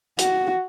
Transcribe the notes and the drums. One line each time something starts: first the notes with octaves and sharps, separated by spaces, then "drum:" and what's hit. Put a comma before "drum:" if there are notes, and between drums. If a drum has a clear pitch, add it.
F#4, drum: hi-hat